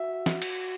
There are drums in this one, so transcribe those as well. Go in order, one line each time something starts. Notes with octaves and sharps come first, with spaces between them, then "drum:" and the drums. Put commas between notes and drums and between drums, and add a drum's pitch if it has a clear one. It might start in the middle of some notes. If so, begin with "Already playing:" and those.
Already playing: F#4 E5
drum: snare
drum: cymbal